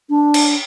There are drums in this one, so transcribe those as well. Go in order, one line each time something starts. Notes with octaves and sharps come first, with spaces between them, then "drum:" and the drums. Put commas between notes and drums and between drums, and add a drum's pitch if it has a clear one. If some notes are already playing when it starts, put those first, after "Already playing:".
D4
drum: cymbal